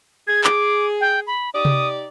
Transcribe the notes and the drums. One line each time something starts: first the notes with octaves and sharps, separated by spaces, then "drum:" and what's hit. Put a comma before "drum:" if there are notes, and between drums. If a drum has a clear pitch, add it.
G#4 G#6
D6, drum: clap
G5
B5
D#4 G4 D5 D#6
drum: tom C3